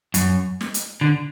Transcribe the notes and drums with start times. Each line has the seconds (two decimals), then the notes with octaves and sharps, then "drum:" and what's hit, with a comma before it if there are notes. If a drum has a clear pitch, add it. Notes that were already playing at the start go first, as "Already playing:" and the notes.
0.14 F#2, drum: hi-hat
0.61 drum: snare
0.74 drum: hi-hat
1.01 D3